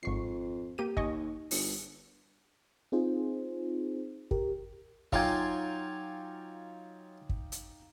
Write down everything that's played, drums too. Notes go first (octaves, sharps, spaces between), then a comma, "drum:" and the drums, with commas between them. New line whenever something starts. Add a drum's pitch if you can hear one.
G#1 F2 C#6 C7
A#3 G4 D#7
D#2 D#5 G#5 C#6, drum: kick
G1, drum: open hi-hat
C4 D#4 F4 G#4 C5
G4 A#4, drum: kick
F#3 D#4 F4 F5 G5 G#5 D6, drum: kick
drum: kick
drum: hi-hat